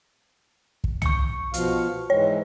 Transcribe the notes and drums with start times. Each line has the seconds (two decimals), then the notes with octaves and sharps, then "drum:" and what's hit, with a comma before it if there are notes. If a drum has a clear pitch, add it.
0.84 drum: kick
1.02 C#6 C#7, drum: tom
1.54 B2 F3 F5, drum: hi-hat
2.10 G#2 E3 G#3 C#5